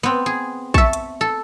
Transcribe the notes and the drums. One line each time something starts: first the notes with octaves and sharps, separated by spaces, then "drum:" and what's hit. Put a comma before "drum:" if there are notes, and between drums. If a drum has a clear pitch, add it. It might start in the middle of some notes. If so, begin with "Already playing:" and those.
B3 C4
G#4
E5 A5 C#6, drum: kick
drum: hi-hat
A4